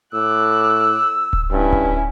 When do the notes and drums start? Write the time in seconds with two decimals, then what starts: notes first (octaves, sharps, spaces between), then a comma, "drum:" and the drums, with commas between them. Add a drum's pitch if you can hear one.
0.14 A2 D6 E6 F#6
1.33 drum: kick D1
1.51 G2 C#4 E4
1.73 drum: kick D1